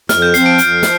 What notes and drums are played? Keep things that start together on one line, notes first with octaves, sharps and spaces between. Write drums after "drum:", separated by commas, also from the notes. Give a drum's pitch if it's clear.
F2 F6, drum: snare
G6
F3 C4 C7, drum: hi-hat
D7
F2 D7, drum: hi-hat
F3, drum: snare